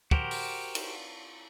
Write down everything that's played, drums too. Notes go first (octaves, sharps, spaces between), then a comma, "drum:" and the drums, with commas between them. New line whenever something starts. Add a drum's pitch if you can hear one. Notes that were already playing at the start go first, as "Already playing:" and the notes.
F#4 G4 A#4 C5, drum: kick
drum: open hi-hat
drum: cymbal